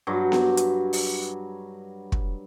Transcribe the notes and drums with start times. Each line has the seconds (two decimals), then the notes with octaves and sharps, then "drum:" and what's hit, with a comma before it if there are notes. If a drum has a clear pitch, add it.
0.07 G2 F#3
0.32 drum: snare B3
0.57 drum: hi-hat
0.93 drum: open hi-hat
2.12 drum: kick